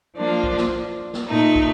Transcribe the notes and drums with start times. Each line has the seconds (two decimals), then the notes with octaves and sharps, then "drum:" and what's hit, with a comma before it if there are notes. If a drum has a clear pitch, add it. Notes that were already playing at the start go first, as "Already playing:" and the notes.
0.15 F3 A#3 D4 F4
0.44 drum: kick
0.58 drum: snare
1.14 drum: snare
1.28 A#2 A3 D#4
1.56 drum: kick